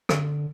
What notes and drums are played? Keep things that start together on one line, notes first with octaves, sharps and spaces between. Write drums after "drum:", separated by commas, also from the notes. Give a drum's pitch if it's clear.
D3, drum: rim click